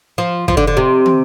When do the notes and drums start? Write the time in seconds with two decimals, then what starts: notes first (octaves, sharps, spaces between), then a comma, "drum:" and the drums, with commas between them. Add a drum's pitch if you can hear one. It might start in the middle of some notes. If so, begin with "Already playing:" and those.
0.18 F3
0.48 F3, drum: kick
0.57 D3
0.67 D3
0.77 C3
1.06 drum: tom